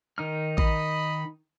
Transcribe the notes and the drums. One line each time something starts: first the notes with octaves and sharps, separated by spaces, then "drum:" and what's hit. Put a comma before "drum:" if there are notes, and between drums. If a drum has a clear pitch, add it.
D#3 D#4 F6
D#5 B5, drum: kick A1